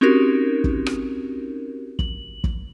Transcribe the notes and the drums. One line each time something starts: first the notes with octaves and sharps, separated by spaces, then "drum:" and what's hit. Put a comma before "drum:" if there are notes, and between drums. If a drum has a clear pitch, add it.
C4 C#4 D#4 F#4 G4 A#4
drum: kick
drum: rim click
F#7, drum: kick
drum: kick